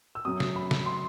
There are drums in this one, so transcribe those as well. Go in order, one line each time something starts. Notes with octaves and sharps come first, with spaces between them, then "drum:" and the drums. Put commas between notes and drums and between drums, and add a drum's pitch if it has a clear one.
E6
F#2 F#3 D#6
drum: snare
B5
drum: snare
C6